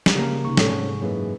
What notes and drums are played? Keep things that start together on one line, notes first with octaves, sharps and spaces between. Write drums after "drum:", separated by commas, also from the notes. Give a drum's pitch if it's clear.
drum: snare
C#3 A#3 G4
D#2 C3 C#6
A2 C4 C#4 A4, drum: snare
G#2
F#2 E3 F#3 A#3 D#4 G#4